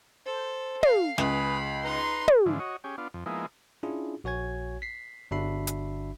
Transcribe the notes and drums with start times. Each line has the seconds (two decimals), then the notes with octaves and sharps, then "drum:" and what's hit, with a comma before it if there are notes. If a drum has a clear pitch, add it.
0.26 A4 C5
0.83 F5 C7, drum: tom
1.18 C#2 G#4 B4 B5, drum: snare
1.84 D#4 B4 A#5 C6
2.28 drum: tom
2.46 G#2 D3 E3 F3
2.59 F#4 C#5 D#5
2.84 C#4 G4 G#4
2.98 B3 D4 F4
3.14 F2
3.26 F3 G#3 A#3 B3 D#4 E4
3.83 C#4 D4 E4 F4 G#4
4.24 A#1 F#4 C#5 G#5 G#6
4.82 B6 C7
5.31 G1 D4 F#4 E5 B5 C7
5.67 drum: hi-hat